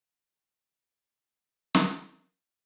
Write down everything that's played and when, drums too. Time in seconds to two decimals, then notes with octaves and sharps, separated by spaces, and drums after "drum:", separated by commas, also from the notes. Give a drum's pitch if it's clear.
0.21 F3 A#4 B4
0.61 B2 D#3 G#5 A#5 G6
1.75 drum: snare